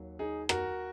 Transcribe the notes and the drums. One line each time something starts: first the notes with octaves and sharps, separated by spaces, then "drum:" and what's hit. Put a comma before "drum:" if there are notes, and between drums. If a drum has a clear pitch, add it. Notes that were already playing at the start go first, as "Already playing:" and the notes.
Already playing: D#2 D#3 F#3
D#4 G#4
F#4 A#4, drum: rim click